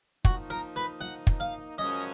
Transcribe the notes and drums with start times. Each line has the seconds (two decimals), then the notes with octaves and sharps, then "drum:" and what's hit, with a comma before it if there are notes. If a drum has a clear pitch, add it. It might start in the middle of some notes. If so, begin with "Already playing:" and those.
0.25 F3 A#3 D#4 F#4, drum: kick
0.50 A#4
0.76 B4
1.01 F#5
1.27 drum: kick
1.40 F5
1.78 F#2 F3 G#3 C#4 D#5